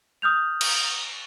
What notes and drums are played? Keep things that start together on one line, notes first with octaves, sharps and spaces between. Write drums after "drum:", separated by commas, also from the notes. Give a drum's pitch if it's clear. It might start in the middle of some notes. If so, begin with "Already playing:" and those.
D#6 F6 G6 F7
drum: cymbal